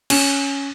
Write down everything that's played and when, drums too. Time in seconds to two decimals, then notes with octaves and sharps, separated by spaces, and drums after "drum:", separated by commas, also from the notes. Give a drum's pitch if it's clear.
0.10 C#4, drum: cymbal